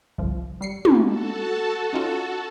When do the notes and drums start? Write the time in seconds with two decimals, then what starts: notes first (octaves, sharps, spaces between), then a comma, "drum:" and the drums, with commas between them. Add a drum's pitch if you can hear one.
0.18 G1 C2 F3
0.61 G3 C7 C#7
0.85 drum: tom
1.05 F#4 A4 A5
1.93 C#4 D#4 F4